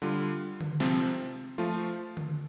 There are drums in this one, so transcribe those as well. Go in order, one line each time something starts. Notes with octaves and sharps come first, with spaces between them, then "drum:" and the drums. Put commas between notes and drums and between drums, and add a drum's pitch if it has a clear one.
D3 G3 F4
drum: tom D3
C3 F3 C4, drum: snare
F3 A3 F4
drum: tom D3